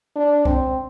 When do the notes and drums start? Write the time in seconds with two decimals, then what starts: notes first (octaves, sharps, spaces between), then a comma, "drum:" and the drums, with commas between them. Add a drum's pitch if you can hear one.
0.16 D4
0.45 C4, drum: kick C2